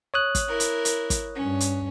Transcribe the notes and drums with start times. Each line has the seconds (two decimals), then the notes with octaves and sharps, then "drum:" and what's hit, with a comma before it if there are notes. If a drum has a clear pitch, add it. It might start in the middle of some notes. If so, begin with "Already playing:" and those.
0.14 C#5 D#6 F#6
0.35 drum: kick, hi-hat
0.47 E4 A#4
0.60 drum: hi-hat
0.85 drum: hi-hat
1.10 drum: kick, hi-hat
1.35 G2 C#4
1.60 drum: hi-hat